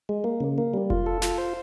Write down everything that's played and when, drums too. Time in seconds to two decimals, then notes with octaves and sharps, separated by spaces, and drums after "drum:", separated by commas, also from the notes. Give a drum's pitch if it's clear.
0.09 G#3
0.24 A#3
0.40 C#3
0.58 A#3
0.74 G3
0.90 F4, drum: kick F1
1.06 A4
1.22 F4, drum: snare
1.38 C5